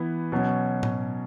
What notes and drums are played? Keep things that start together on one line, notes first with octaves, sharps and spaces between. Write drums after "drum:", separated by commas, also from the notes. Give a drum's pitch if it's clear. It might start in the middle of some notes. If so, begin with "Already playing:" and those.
Already playing: E3 B3 E4
B2 F#3 C#4
drum: tom A2